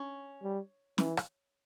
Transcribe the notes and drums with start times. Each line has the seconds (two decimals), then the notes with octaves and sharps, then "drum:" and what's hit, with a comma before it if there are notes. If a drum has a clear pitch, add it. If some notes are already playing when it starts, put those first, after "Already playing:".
Already playing: C#4
0.43 G3
0.98 E3, drum: snare
1.17 drum: rim click